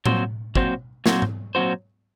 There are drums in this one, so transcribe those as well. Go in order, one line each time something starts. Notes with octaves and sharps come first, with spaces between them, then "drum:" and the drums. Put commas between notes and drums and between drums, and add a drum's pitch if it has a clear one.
A#2 F#3 C4 F#4 C5, drum: tom A2
A#2 F#3 C4 F#4 C5, drum: kick
A#2 F#3 C4 F#4 C5, drum: snare
drum: tom G#2
A#2 F#3 C4 F#4 C5